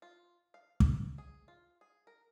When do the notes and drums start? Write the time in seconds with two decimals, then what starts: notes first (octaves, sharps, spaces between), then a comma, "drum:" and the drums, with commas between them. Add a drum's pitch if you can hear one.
0.02 F4
0.54 F5
0.80 drum: kick
1.18 G#4
1.48 F4
1.81 G#4
2.07 A#4